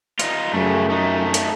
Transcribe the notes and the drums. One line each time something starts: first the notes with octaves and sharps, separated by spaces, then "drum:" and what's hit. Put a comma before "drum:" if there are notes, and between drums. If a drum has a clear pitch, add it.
D#4 F4, drum: hi-hat
F#2 C#3 A3
A3 D#4
drum: hi-hat